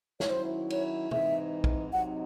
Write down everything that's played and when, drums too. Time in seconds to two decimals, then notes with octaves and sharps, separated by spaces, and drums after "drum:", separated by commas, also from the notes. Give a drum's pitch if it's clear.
0.20 C#5, drum: snare
0.30 D#3 F#3 C#4 E4 C5
0.70 C#5, drum: cymbal
1.11 G#2 E3 C4 D#4 E5, drum: tom C3
1.64 drum: kick A#1
1.92 C3 F#3 C4 D#4 F#5